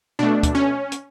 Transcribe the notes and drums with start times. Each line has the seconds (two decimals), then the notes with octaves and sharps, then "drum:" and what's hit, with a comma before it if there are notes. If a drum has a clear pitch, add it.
0.19 B2 A3 D4
0.43 drum: kick D2, hi-hat
0.55 C#4
0.92 drum: hi-hat